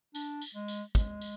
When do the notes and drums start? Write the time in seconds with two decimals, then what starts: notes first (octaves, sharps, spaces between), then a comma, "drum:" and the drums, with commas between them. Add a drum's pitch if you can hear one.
0.15 D4, drum: tambourine
0.42 drum: tambourine
0.55 G#3
0.68 drum: tambourine
0.95 G#3, drum: kick, tambourine
1.21 drum: tambourine